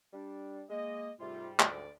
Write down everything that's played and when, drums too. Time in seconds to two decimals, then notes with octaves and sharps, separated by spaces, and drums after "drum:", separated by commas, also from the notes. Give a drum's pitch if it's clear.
0.13 G3 D4
0.70 G#3 A#3 D#5
1.20 G#2 C3 G3 A3 F4
1.60 D2 D5, drum: clap